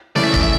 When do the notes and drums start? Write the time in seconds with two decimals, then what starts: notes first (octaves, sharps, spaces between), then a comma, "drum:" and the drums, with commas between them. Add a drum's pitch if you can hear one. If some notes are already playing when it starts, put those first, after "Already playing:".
0.15 C#3 E3 A3 D5, drum: snare
0.24 E5
0.34 D5, drum: kick
0.43 E5